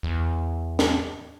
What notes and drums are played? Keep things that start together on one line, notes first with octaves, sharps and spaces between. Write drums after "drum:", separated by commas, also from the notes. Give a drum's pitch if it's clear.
E2
drum: snare